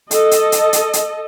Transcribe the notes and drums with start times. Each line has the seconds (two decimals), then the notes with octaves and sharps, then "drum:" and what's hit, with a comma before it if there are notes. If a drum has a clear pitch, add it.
0.11 A4 D#5, drum: hi-hat
0.31 drum: hi-hat
0.52 drum: hi-hat
0.73 drum: hi-hat
0.93 drum: hi-hat